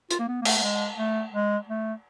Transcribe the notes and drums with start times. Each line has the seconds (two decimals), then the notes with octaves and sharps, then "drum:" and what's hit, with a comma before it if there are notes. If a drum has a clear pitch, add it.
0.11 F4, drum: hi-hat
0.19 A#3
0.28 B3
0.42 A#3
0.45 A3, drum: cymbal
0.57 A3
0.63 G#3
0.98 A3
1.33 G#3
1.69 A3